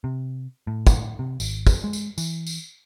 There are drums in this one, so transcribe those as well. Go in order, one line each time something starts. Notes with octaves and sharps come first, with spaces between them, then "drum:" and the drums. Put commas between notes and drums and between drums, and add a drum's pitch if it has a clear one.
C3
A2
drum: kick, tambourine
C3
G#1, drum: tambourine
drum: kick, tambourine
G#3
drum: tambourine
E3, drum: tambourine
drum: tambourine